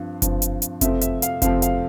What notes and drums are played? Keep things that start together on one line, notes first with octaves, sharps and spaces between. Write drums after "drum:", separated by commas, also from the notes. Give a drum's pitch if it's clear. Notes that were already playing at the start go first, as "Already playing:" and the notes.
Already playing: G2 F3 C4
G2 F3 C4, drum: kick F#1, hi-hat
drum: hi-hat
drum: hi-hat
F2 C3 F3 A3 C4 E5, drum: kick F#1, hi-hat
E5, drum: hi-hat
F5, drum: hi-hat
F2 C3 F3 A3 C4 F5, drum: kick F#1, hi-hat
F5, drum: hi-hat